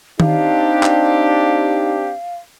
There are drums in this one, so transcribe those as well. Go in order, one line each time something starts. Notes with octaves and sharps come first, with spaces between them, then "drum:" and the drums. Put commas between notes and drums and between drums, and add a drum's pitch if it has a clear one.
C4 D4 D#4 G4 F5, drum: tom D#3
drum: clap